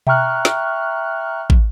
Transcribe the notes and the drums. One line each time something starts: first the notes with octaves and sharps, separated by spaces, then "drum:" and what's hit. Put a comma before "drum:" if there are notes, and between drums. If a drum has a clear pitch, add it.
E5 G5 A#5 C#6 F6 F#6, drum: tom B2
drum: snare
drum: kick